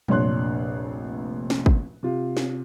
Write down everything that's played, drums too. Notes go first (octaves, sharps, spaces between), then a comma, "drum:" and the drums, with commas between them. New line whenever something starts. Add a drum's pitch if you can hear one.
F1 A#1 D4 C#5 C6 F#6, drum: tom F#3
drum: snare
drum: kick
C3 F4
drum: snare